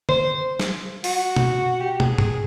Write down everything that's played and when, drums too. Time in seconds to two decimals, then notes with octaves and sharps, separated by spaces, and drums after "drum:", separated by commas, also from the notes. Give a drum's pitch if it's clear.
0.09 C5, drum: tom
0.60 drum: snare
1.04 F#4, drum: open hi-hat
1.36 drum: tom
1.81 G4
2.00 G#4, drum: tom
2.18 G#4, drum: tom G#2